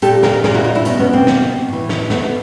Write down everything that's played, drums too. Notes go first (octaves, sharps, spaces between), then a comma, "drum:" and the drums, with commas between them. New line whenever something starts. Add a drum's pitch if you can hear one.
A#2 G4 A4, drum: hi-hat
G#4 A#4, drum: snare
A#2 G#4 A#4, drum: snare
E4 F#4
D#4 F4
D4 E4
B2 C#4 D#4, drum: hi-hat
B3 C#4
A#3 C4
B2, drum: snare
A2 E3
drum: snare
B2 A3 B3, drum: snare